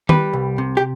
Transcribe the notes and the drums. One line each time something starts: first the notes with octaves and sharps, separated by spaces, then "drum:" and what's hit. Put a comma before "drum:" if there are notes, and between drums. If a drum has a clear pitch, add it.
G3 B4, drum: tom D#3
C2
C3
G4